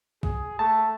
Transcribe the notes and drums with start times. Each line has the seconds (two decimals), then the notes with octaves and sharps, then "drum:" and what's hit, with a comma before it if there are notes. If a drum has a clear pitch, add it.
0.23 G#4, drum: kick A#1
0.59 A3 A5